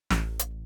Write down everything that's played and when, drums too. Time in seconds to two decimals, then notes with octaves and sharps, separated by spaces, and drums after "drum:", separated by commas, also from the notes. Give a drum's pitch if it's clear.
0.10 A1, drum: snare
0.39 drum: hi-hat